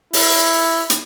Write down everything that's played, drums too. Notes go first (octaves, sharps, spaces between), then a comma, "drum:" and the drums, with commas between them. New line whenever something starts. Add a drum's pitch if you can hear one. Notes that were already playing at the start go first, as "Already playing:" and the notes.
E4, drum: open hi-hat
drum: hi-hat